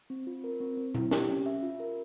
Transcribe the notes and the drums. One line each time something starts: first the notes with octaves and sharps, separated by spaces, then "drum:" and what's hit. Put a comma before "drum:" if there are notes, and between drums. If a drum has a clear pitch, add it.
C4
F4
A#4
C4
C4
E4, drum: tom B2
G4, drum: snare
C#4
E5
F4
A#4